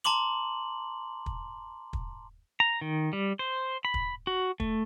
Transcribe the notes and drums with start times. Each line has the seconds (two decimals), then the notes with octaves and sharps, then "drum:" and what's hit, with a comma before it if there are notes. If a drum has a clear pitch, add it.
0.04 A5 A#5 C6 D6 F#7
1.26 drum: kick
1.93 drum: kick
2.60 A#5
2.81 D#3
3.13 G3
3.39 C5
3.85 B5
3.94 drum: kick
4.27 F#4
4.60 A3, drum: kick